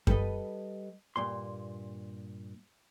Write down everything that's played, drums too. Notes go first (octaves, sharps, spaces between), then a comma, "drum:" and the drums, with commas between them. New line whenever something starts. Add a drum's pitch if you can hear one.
G3 A4 B4 D#5, drum: kick F#2
G2 A#2 C6